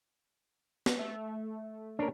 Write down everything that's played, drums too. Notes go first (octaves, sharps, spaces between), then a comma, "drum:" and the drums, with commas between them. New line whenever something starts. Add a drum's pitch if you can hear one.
drum: snare
A3 E5
A#3 C#4 D4 A#4 C#5